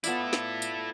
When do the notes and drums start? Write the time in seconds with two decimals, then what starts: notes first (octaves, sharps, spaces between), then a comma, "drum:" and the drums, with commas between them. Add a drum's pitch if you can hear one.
0.04 B3 E4 F4 A4 D5, drum: tambourine
0.33 drum: snare
0.62 drum: tambourine